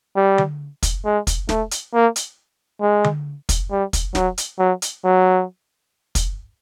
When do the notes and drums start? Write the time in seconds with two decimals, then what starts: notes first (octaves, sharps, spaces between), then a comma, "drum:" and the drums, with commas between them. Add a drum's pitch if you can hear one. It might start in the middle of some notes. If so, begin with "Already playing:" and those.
0.16 G3
0.38 drum: tom D3
0.83 drum: kick, hi-hat
1.05 G#3
1.27 drum: kick, hi-hat
1.49 A3, drum: snare
1.71 drum: hi-hat
1.94 A#3
2.16 drum: hi-hat
2.82 G#3
3.04 drum: tom D3
3.49 drum: kick, hi-hat
3.71 G3
3.93 drum: kick, hi-hat
4.15 F#3, drum: snare
4.38 drum: hi-hat
4.59 F#3
4.82 drum: hi-hat
5.05 F#3
6.15 drum: kick, hi-hat